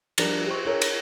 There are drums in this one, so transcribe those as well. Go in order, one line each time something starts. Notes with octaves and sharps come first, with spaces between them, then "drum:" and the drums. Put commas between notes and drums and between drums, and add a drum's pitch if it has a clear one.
F3 G3 D4 A#4, drum: cymbal
G4 C5 C#6
G#4 A#4 C#5
drum: cymbal